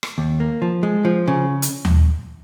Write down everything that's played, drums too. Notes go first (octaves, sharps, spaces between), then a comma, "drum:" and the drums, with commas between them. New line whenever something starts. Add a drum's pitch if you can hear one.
drum: rim click
D#2
A#3
F3
G#3
F3
C#3
drum: hi-hat
drum: tom D#2